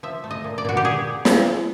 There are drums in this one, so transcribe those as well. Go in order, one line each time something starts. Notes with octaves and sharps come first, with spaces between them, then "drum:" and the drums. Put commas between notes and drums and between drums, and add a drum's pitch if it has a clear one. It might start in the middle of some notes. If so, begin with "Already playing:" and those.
F3 E5
A3
D#5
A#2
D5
A#2 F#4
G4
A#2 G#4
drum: snare